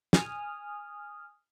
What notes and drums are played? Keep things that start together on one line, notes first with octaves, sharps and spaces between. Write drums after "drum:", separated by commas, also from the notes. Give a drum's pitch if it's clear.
G#5 D#6 F6, drum: snare